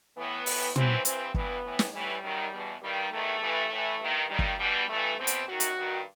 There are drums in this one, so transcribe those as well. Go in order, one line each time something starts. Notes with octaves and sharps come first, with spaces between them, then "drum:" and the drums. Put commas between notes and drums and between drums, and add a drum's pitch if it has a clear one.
A2 E3 B3
A2 E3, drum: open hi-hat
F#2 E3 C4, drum: tom
G2 E3 C4, drum: hi-hat
G2 E3 B3, drum: kick
A2 E3
drum: snare
A2 E3 G3
F#2 D#3
E2 B2
G2 D#3 G3
E2 D#3 A3
G2 E3
A2 E3
G2 D#3
G2 D#3 G3
drum: kick
E2 B2 G3
G2 E3 A3
E2 B2 C4
drum: hi-hat
F#2 D#3 F#4
drum: hi-hat
G2 D#3